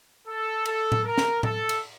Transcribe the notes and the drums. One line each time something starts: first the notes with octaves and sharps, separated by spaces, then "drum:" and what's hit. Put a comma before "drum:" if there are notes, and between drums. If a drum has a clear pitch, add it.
A4
A4, drum: cymbal
drum: tom A2
A#4
drum: snare
A4, drum: tom A2
drum: cymbal